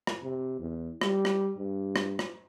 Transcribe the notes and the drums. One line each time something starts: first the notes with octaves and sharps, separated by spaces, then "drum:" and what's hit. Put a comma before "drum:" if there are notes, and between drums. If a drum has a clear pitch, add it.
drum: rim click
C3
E2
G3, drum: rim click
drum: rim click
G2
drum: rim click
drum: rim click